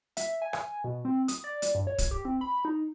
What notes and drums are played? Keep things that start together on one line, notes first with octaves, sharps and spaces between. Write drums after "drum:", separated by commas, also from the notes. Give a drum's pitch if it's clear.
E5, drum: hi-hat
G#5
drum: rim click
B2
C4
D#6, drum: hi-hat
D5
drum: hi-hat
G2
C#5
drum: kick, hi-hat
G4
C4
B5
D#4